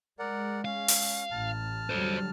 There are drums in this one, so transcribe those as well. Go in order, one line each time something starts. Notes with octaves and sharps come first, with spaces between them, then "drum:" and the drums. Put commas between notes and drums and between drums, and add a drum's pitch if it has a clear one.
G#3 A#4 D5 F#5
C#4 F5
drum: open hi-hat
A1 A5 F6
D3 F#3 G3 A4 C5